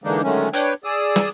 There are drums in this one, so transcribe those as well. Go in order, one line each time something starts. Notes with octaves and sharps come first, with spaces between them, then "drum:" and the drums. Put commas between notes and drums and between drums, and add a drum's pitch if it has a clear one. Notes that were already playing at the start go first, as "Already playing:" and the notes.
D3 E3 G#3 A#3 D4 D#4
D3 D#3 F#3 G#3 A3 C#4
D4 B4 C#5 G5, drum: hi-hat
G#4 D5 D#6 E6
drum: snare